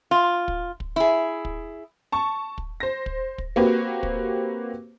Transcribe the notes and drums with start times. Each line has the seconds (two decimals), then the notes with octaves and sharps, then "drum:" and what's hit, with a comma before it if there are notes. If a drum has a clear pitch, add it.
0.11 F4
0.48 drum: kick
0.80 drum: kick
0.96 E4 G#4
1.45 drum: kick
2.12 A5 C#6
2.58 drum: kick
2.80 C5 A#6
3.06 drum: kick
3.38 drum: kick
3.56 A#3 C4 F#4 G4 B4
4.03 drum: kick